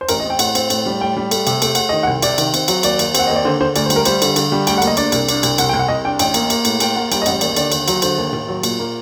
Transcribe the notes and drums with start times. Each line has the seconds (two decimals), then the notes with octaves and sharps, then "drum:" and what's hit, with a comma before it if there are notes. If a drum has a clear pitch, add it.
0.01 C5
0.09 A1 A#4, drum: cymbal
0.20 D#5
0.25 C4
0.30 G5
0.39 A2 F#5, drum: cymbal
0.55 C4, drum: cymbal
0.70 A2, drum: cymbal
0.86 G3
1.01 A2 G5
1.17 G3
1.31 A3, drum: cymbal
1.47 C3, drum: cymbal
1.62 A3 G5, drum: cymbal
1.75 A3 F#5, drum: cymbal
1.89 D#3 D#5
2.03 F#5
2.07 C2
2.22 C3 D5, drum: cymbal
2.38 D#3, drum: cymbal
2.54 C4, drum: cymbal
2.68 F#3, drum: cymbal
2.83 D#2 D5, drum: cymbal
2.99 D#2, drum: cymbal
3.15 C4 F#5, drum: cymbal
3.27 D#2 D#5
3.36 D5
3.45 D3 C5
3.60 D3 C5
3.76 D2 D5, drum: cymbal
3.86 C5
3.90 G3, drum: cymbal
3.96 A#4
4.05 G3 C5, drum: cymbal
4.22 D3, drum: cymbal
4.36 D3, drum: cymbal
4.52 G3
4.67 D2 G5, drum: cymbal
4.78 F#5
4.82 A#3, drum: cymbal
4.87 D#5
4.97 D4 D5, drum: cymbal
5.12 C2, drum: cymbal
5.29 D4, drum: cymbal
5.43 C2, drum: cymbal
5.58 C2 F#5, drum: cymbal
5.69 G5
5.74 C2
5.79 F#5
5.88 C2 D#5
6.05 D4 G5
6.19 A1 G5, drum: cymbal
6.34 A#3, drum: cymbal
6.50 A#3, drum: cymbal
6.65 A2, drum: cymbal
6.80 A#3 G5, drum: cymbal
6.96 A#3 F#5
7.12 G3 G5, drum: cymbal
7.22 D#5
7.26 A1 F#5, drum: cymbal
7.41 D#2 D5, drum: cymbal
7.56 D3 D5, drum: cymbal
7.72 D#2, drum: cymbal
7.88 F#3, drum: cymbal
8.02 D3 C5, drum: cymbal
8.18 D#2
8.33 D#2, drum: tom A2
8.48 F#3
8.63 A#2, drum: cymbal
8.79 A#3